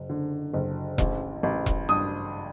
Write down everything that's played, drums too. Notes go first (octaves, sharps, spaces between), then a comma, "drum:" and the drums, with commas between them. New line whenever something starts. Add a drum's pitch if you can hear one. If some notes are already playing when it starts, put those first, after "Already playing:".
Already playing: F#1
D3
F#1
A1, drum: kick E1
A1
drum: kick E1
G2 D#6